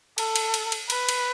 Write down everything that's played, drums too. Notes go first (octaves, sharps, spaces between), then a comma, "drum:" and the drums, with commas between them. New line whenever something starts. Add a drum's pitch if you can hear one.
A4, drum: cymbal
drum: cymbal
drum: cymbal
drum: cymbal
B4, drum: cymbal
drum: cymbal